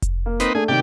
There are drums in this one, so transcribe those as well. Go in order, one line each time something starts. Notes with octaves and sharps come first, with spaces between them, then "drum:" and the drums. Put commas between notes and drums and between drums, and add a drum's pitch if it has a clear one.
drum: kick F1, hi-hat
A#3
C4 D#4 B4, drum: snare
A3 D4 G#4
C3 D#3 G4 D5 G5